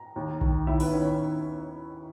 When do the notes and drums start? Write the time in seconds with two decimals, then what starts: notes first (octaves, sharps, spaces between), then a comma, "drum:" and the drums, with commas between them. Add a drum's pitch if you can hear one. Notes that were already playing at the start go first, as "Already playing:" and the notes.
Already playing: A#5
0.16 D#2
0.41 D#3, drum: kick B1
0.67 D#2 E4 E5
0.80 B3 B4, drum: open hi-hat
0.93 D#3 C#4 C#5